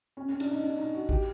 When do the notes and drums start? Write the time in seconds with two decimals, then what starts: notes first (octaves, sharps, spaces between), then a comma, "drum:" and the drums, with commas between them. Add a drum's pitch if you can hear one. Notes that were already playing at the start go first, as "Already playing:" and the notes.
0.17 C#4
0.29 C#4
0.40 D4, drum: cymbal
0.51 D#4
0.63 D4
0.78 D#4
0.94 F#4
1.09 G4, drum: kick A1